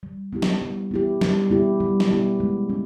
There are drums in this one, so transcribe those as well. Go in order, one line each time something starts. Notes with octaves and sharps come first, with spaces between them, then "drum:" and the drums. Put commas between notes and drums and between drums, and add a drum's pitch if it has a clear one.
G3
B3 E4 G4
drum: snare
G3
B3 E4 G4
G3, drum: snare
B3 E4 G4
G3
drum: snare
B3 E4 G4
G#3
C#4